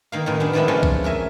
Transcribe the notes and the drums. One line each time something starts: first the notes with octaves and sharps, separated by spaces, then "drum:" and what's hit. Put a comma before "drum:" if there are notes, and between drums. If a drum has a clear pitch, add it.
D#3 A#3 F5
F#2 A2 D#3
B3 D4 D#4 G#4
D#3 F3 G3 G#3 D4 E4
F3 G#3 A3 C4 C#4 F4
drum: kick B1
E2 A#4 E5 G#5